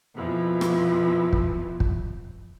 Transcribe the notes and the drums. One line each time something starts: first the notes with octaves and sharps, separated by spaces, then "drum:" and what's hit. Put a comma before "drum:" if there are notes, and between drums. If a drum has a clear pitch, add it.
F2 B2 E3 F3
drum: rim click
drum: kick
drum: kick